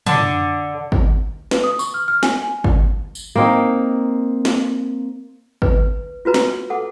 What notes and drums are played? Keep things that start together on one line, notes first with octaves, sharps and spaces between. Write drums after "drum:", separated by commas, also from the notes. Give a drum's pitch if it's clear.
D3, drum: tom
drum: kick
B4, drum: snare
D#6
C#6, drum: tambourine
F6
F6
G#5, drum: snare
drum: kick
drum: tambourine
A#3 C4 D#4
drum: snare
B4, drum: kick
F4 F#4 B4 A#5
drum: snare
A4 F#5 D6